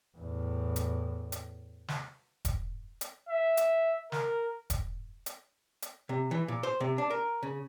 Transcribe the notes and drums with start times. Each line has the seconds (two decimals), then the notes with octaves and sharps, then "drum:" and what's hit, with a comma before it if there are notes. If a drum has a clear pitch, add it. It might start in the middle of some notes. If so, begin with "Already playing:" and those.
0.18 E2 A2
0.76 drum: hi-hat
1.32 drum: hi-hat
1.88 drum: snare
2.45 drum: kick E1, hi-hat
3.01 drum: hi-hat
3.29 E5
3.57 drum: hi-hat
4.12 A#4, drum: snare
4.70 drum: kick E1, hi-hat
5.26 drum: hi-hat
5.82 drum: hi-hat
6.09 C3
6.31 E3
6.48 A#2
6.63 C5
6.80 C3
6.98 D4
7.10 A#4
7.43 C#3